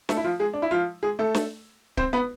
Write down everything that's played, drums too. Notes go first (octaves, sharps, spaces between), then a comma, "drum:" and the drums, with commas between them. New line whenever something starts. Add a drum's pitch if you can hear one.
A3 A4, drum: snare
E4
F3 F4
G#3 G#4
D4
E4
F3 F4
G#3 G#4
A3 A4
drum: snare
C4 C5, drum: kick C#1
B3 B4